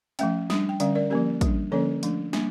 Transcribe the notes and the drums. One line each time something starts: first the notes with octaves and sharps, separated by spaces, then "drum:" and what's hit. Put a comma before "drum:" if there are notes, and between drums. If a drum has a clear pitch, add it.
F3 A3 C#4 E5 G5, drum: hi-hat
G3 D4, drum: snare
G5
D3 G3 C#4 D5 F5, drum: hi-hat
A#4 D5
F3 A#3 C#4 G4 A#4
G3 D4, drum: kick, hi-hat
D3 F3 A#3 C#4 A4 C#5
F3 A3 D4, drum: hi-hat
G3 A#3 D4, drum: snare